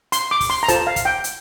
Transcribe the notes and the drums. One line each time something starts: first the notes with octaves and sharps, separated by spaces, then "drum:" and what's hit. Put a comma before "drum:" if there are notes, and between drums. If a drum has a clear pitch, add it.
C6, drum: hi-hat
D6
drum: kick, open hi-hat
C6
A#5
F4 A4 C5 A5, drum: kick, hi-hat
F5
drum: kick, hi-hat
G5
drum: hi-hat